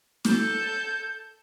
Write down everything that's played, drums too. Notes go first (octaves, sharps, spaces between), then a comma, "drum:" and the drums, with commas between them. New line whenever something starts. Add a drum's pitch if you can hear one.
A4 G6, drum: snare